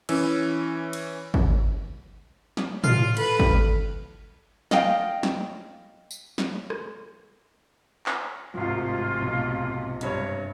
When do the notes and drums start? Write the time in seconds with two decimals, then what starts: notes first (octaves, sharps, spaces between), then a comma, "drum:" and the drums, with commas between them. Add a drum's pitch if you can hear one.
0.09 E3 C#4 E6, drum: cymbal
0.93 drum: cymbal
1.34 drum: kick
2.57 drum: snare
2.84 F4 F5, drum: tom A2
3.17 A4 B4, drum: cymbal
3.39 drum: kick
4.71 D#5 F5 G5, drum: snare
5.23 drum: snare
6.11 drum: tambourine
6.38 drum: snare
6.70 drum: rim click
8.06 drum: clap
8.54 D1 G#1 G#2 C3 F3 F4
9.19 B1 F3
10.01 F#1 G2 C#5, drum: hi-hat